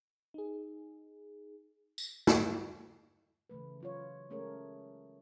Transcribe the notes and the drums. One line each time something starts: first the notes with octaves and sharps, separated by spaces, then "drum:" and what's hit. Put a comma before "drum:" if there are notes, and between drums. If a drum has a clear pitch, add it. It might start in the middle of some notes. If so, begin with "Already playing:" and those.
D#4 G#4
drum: tambourine
drum: snare
C#3 E3 A3 B4
F#3 F4 C#5
G#3 A3 C#4 G#4 A#4 C#5